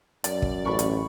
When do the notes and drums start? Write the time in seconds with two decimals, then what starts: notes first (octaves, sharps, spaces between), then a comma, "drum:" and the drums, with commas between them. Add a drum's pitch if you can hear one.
0.24 F#2 D5, drum: hi-hat
0.42 drum: kick
0.65 A1 B5 C#6
0.79 drum: hi-hat